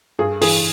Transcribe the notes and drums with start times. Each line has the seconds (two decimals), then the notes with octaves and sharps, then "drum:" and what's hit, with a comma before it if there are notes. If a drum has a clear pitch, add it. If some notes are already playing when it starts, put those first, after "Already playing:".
0.19 G2 G#4
0.41 E3 G#4, drum: open hi-hat